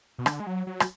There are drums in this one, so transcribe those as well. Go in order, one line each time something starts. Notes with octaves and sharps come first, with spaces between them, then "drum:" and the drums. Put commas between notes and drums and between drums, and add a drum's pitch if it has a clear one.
B2
D3, drum: rim click
G#3
F#3
F#3
drum: rim click